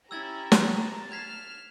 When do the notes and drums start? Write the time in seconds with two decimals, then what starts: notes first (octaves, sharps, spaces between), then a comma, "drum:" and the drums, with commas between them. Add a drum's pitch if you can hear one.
0.11 C#4 E4 G4 A#5 E6 G#6 A6
0.52 drum: snare
0.76 A5
1.12 F6 G#6 B6 C7 E7